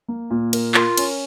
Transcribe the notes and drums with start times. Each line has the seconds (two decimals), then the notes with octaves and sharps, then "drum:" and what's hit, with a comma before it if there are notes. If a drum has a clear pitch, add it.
0.08 A#3
0.30 A#2
0.53 A#4, drum: cymbal
0.74 F4 A#4, drum: clap
0.97 C#4, drum: cymbal